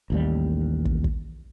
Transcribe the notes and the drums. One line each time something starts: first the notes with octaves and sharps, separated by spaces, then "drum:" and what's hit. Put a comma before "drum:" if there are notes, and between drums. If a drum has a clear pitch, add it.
A1 D#2 G3
drum: kick
drum: kick